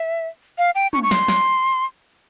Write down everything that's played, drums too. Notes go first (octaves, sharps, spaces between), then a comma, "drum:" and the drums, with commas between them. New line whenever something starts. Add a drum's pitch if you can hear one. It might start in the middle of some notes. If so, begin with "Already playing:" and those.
Already playing: E5
F5
G5
C#6, drum: tom
C#6
C6, drum: snare
drum: snare